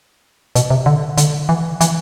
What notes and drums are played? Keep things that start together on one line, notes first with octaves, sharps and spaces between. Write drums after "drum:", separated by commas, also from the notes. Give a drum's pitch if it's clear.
B2, drum: hi-hat
C3
D3
D3, drum: hi-hat
E3
E3, drum: hi-hat